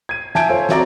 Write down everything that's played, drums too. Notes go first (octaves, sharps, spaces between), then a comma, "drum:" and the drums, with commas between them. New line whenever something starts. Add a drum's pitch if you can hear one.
G#6 D#7
E5 G#5 A5 G6 G#6 D7, drum: snare
F4 A4 C5 C#5
C4 F#4 D5 A#5, drum: snare